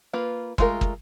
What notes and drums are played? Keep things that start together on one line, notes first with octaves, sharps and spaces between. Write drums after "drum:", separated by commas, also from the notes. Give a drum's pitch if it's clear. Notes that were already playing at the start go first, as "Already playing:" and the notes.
A#3 F4 B4
G#3 A3 F4 G#4 A#4, drum: kick
drum: kick